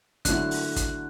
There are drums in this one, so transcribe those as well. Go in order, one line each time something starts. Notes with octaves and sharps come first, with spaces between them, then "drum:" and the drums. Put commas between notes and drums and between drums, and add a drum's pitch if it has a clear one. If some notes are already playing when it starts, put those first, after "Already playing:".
D3 F#3 A3 E4 F#6, drum: kick, hi-hat
drum: open hi-hat
drum: kick, hi-hat